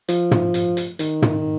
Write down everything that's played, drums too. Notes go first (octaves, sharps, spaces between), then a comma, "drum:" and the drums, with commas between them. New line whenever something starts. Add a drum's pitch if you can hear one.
F3, drum: hi-hat
drum: tom
drum: hi-hat
drum: hi-hat
D#3, drum: hi-hat
drum: tom